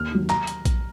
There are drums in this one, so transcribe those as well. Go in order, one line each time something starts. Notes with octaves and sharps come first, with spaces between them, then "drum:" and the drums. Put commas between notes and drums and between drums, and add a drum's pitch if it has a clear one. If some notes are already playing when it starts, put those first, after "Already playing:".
Already playing: D#2 F6
D#3 F#3
A#5, drum: clap
drum: hi-hat
drum: kick A#1, hi-hat